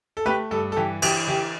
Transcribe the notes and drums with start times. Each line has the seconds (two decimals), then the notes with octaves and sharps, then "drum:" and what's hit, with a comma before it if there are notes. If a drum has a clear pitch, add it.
0.17 A4
0.26 A3 G4 B4
0.51 G2 A4
0.72 A4
0.76 E3 G4
1.02 E3 G4, drum: cymbal
1.27 E3 G4